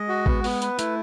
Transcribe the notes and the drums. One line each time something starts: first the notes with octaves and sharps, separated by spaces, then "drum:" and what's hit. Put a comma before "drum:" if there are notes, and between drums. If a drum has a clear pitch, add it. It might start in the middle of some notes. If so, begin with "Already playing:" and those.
Already playing: G#3 D#5
F#4
B3, drum: kick
B3, drum: open hi-hat
B4, drum: hi-hat
A3 E4, drum: hi-hat